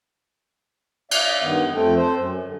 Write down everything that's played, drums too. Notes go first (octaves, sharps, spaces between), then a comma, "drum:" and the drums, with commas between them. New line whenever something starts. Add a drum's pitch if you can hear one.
D5 E5 F5, drum: cymbal
G2 D#3 B3
F2 A3 C4 A4 G5
C4 A4 C5
F#2
G2 D3